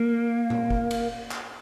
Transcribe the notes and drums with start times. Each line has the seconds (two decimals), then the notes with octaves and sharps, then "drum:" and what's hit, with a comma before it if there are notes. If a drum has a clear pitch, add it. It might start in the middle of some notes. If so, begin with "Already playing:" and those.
Already playing: A#3
0.50 drum: tom A#2
0.70 drum: kick F#1
0.91 drum: cymbal
1.31 drum: clap